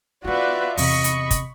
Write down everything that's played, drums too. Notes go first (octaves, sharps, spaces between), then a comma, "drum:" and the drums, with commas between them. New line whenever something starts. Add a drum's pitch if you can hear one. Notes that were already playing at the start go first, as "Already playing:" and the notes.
B3 D#4 F4 F#4 B4 D5 E5
E2 C3 D#5 B5 C#6, drum: open hi-hat
drum: hi-hat
drum: kick, hi-hat